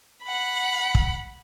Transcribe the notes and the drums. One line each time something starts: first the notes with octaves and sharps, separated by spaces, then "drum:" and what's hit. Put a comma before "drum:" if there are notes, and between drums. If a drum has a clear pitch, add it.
F#5 B5
drum: kick